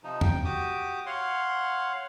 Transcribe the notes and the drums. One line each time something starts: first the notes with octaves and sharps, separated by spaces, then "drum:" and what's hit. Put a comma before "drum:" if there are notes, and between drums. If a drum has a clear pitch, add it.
C3 F3 D#4
G5, drum: tom
F#4 G4 D6 D#6
C#5 F5 F#5 C6